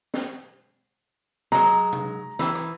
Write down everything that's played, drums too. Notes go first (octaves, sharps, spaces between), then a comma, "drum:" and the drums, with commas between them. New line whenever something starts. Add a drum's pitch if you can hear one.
drum: snare
F#3 G#3 A#5, drum: snare
drum: tom C3
E3, drum: snare
drum: rim click